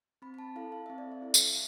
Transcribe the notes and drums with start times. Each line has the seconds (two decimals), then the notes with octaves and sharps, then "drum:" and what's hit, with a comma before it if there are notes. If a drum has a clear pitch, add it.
0.22 C4 B5
0.34 B5
0.39 A5
0.56 E4 A4 F5
0.72 F5
0.86 C4 E5
0.98 D5
1.12 E5
1.22 E4 A4
1.34 drum: tambourine
1.50 E5